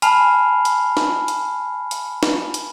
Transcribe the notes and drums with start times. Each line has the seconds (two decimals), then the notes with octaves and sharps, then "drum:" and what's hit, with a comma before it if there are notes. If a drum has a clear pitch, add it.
0.02 G#5 A5 B5 F6 C7 F7, drum: hi-hat
0.65 drum: hi-hat
0.97 drum: snare
1.28 drum: hi-hat
1.91 drum: hi-hat
2.23 drum: snare
2.54 drum: hi-hat